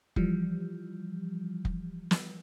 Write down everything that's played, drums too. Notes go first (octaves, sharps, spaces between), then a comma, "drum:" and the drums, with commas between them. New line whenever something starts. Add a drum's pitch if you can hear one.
E3 F3 G3, drum: kick F1
drum: kick F1
drum: snare